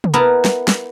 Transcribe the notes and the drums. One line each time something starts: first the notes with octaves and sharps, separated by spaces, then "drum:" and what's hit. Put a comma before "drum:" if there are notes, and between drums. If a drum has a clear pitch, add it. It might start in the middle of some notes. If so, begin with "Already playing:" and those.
drum: tom
B3 E4 A#4 E5 A5 A#5
drum: snare
drum: snare